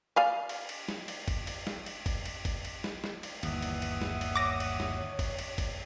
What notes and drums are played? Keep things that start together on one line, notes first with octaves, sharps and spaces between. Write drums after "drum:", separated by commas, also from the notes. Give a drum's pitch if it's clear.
D5 F5 G#5
drum: cymbal
drum: cymbal
drum: snare
drum: cymbal
drum: kick, cymbal
drum: cymbal
drum: snare
drum: cymbal
drum: kick, cymbal
drum: cymbal
drum: kick, cymbal
drum: cymbal
drum: snare
drum: snare
drum: cymbal
G1 D#2 E3 E5 F#5 D#6, drum: cymbal
drum: cymbal
drum: cymbal
drum: snare
drum: cymbal
C#5 D6 A#6
drum: cymbal
drum: snare
drum: kick, cymbal
drum: cymbal
drum: kick, cymbal